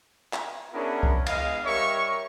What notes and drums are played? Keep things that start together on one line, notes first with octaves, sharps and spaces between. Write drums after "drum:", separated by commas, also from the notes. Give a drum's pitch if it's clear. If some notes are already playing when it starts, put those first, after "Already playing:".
drum: clap
B3 C#4 D4 E4 G#4 A#4
drum: kick C2
G#3 B3 D#5 F5, drum: cymbal
G3 G4 A#4 C#5 E5 C#6